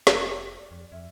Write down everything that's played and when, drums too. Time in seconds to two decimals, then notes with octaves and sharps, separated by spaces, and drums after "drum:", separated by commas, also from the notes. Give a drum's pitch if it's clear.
0.07 F1 G4, drum: snare
0.58 D5
0.71 F2
0.92 F2 E5